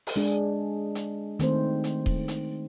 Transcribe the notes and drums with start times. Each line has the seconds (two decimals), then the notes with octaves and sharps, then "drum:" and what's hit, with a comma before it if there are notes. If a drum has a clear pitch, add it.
0.07 drum: open hi-hat
0.16 G#3 D4 G#4
0.95 drum: hi-hat
1.39 D#3 A3 C4 C5, drum: hi-hat
1.84 drum: hi-hat
2.06 drum: kick D#1
2.28 drum: hi-hat